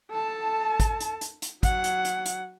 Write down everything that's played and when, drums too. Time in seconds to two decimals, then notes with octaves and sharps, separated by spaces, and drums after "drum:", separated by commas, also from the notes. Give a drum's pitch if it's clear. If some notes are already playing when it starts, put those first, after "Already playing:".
0.11 A4 A5
0.80 drum: kick, hi-hat
1.00 drum: hi-hat
1.21 drum: hi-hat
1.42 drum: hi-hat
1.63 F#3 F#5, drum: kick, hi-hat
1.84 drum: hi-hat
2.05 drum: hi-hat
2.26 drum: hi-hat